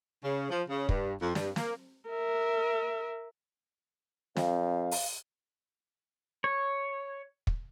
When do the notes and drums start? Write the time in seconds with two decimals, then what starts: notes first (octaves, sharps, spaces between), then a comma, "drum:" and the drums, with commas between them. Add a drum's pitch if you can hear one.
0.24 C#3
0.50 F3
0.69 C#3
0.89 G2, drum: kick
1.22 F2
1.35 G2, drum: snare
1.56 A#3, drum: snare
2.10 A#4 E5
4.36 F2 F5, drum: snare
4.91 drum: open hi-hat
6.44 C#5
7.47 drum: kick